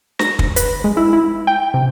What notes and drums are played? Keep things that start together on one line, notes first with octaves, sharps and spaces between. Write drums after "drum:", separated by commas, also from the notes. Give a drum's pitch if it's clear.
A#6, drum: snare
drum: kick
B4, drum: hi-hat
G#3
E4
E4
G5
C3